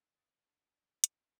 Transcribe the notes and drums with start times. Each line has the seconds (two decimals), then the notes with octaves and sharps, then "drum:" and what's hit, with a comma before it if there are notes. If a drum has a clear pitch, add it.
0.13 B3 G#4
0.29 D3 A3
0.67 A#2
1.04 C4, drum: hi-hat